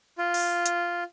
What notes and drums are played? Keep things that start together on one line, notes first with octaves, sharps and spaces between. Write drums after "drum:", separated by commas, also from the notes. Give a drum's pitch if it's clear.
F4
drum: open hi-hat
drum: hi-hat